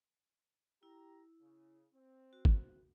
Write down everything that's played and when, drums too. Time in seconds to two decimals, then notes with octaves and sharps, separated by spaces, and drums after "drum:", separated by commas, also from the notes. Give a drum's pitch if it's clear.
0.83 E4 G4 A#5
1.41 C#3
1.93 C4
2.33 F#4
2.45 drum: kick